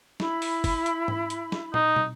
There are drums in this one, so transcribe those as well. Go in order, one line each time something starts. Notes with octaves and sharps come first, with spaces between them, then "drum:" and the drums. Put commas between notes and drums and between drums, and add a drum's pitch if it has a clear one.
E4 B5, drum: snare
drum: open hi-hat
drum: kick, open hi-hat
drum: hi-hat
drum: tom G#2
drum: hi-hat
drum: snare
D#4, drum: tom
drum: tom